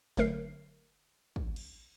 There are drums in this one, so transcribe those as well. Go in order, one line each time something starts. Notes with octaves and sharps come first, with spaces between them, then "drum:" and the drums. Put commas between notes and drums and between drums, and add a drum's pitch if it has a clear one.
G1 F#3 A3 A#4 C7, drum: snare
drum: kick
drum: cymbal